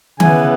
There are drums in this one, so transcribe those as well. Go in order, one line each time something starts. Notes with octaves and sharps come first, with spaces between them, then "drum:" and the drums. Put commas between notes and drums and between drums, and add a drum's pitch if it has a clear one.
C#3 E3 B3 G#5, drum: tom D#3